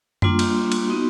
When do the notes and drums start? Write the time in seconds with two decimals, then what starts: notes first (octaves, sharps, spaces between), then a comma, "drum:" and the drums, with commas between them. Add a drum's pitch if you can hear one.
0.22 G3 A#3 D4 F4 C6, drum: tom F#2
0.39 drum: cymbal
0.72 drum: cymbal
0.87 B3 D#4 F#4 C6